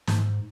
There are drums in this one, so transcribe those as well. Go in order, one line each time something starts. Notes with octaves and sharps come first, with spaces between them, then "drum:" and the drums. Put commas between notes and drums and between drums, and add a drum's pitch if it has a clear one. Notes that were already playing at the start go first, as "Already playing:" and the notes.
G#2, drum: snare